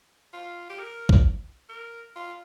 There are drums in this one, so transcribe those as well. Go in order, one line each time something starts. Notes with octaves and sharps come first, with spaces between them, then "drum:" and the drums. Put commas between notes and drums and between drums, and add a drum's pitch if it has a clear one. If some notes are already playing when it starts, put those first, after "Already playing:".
F4
G4
A#4
drum: kick
A#4
F4